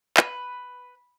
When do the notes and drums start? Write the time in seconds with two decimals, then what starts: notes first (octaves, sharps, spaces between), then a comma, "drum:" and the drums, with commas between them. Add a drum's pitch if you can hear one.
0.17 B4, drum: clap